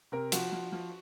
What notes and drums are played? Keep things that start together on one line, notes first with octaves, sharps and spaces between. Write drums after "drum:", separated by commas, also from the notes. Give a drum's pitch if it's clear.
C3 A#4
F3 F#4, drum: hi-hat
F3
F3